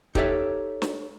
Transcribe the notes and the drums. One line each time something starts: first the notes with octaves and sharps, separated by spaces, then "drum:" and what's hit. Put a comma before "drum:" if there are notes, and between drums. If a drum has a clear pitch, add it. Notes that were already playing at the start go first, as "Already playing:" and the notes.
D#4 G4 A4 C#5 E5, drum: kick
drum: snare